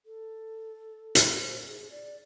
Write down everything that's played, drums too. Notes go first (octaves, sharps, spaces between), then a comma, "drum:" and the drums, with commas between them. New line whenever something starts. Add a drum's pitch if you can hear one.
A4
drum: hi-hat
C5
G#4
D5